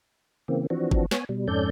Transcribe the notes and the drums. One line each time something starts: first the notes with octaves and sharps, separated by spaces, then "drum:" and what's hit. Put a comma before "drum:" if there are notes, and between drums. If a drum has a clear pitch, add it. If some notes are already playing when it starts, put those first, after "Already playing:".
C#3 E3 A#3 C4
E3 F3 C4 D4 F#4
drum: kick G1
B3 C#5 G#5, drum: snare
B2 G3
F2 G#2 C#4 A4 D5 G6